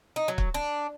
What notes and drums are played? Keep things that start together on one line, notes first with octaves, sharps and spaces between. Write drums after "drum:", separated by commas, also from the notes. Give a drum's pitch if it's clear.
D#4
F#3
drum: kick
D4